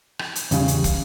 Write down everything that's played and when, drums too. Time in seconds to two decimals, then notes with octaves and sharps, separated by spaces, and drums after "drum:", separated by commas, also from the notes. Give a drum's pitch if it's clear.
0.19 drum: rim click
0.35 drum: hi-hat
0.51 E2 C#3 G3, drum: hi-hat
0.68 drum: hi-hat
0.84 drum: kick, hi-hat